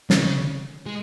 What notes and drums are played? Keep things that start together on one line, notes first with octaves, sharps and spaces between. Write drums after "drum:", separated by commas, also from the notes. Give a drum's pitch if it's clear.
C#3, drum: snare
G#3